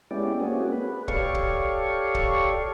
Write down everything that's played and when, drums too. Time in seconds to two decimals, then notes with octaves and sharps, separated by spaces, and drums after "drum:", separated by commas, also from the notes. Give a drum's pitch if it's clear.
0.11 G#3 B3 C#4 E4 G4 D5
0.40 A#3 C4 C#4 F#4 G#4
0.72 B4
1.08 G4 A4 C#5 D5 F5 C#6, drum: kick C#1
1.35 drum: kick C#1
2.15 drum: kick C#1